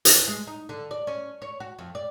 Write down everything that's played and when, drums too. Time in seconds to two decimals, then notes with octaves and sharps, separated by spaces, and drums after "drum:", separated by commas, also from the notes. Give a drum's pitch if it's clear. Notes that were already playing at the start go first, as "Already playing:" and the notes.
0.05 E2, drum: hi-hat
0.28 G#3
0.47 D#4
0.69 D3
0.91 D5
1.07 C#4
1.42 C#5
1.60 F#4
1.79 F2
1.95 D5